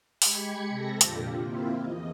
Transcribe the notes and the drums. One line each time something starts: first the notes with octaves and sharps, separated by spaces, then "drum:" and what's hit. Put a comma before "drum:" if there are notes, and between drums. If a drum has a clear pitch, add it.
G#3 G4 B5 G#6 C#7, drum: open hi-hat
C3 A4 A#6
F2 A#2 D3 F4 G4, drum: hi-hat
A#3 C4 E4 F4
E2 D#5